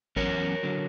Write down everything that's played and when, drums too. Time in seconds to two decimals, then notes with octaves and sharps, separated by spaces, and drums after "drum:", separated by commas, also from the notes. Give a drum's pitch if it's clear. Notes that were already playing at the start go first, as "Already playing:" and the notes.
0.16 E2 B2 F#3 C#4 A#4 C#5, drum: kick G#1
0.63 D3 F#3